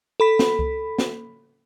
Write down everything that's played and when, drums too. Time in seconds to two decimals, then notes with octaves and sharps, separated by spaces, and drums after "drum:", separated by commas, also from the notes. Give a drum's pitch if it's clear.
0.20 A4 B5 B6
0.39 drum: snare
0.59 drum: kick C#2
0.98 drum: snare